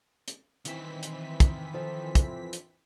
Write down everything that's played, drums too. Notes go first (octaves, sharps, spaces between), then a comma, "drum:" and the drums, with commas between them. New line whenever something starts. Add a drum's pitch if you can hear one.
drum: hi-hat
D#3 E3 C4 E5 B6, drum: hi-hat
drum: hi-hat
drum: kick, hi-hat
F3 A4
drum: kick, hi-hat
drum: hi-hat